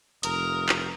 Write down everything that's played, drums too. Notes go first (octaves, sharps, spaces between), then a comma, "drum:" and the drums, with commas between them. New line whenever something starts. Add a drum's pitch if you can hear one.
F1 A#4 D#5, drum: hi-hat
drum: clap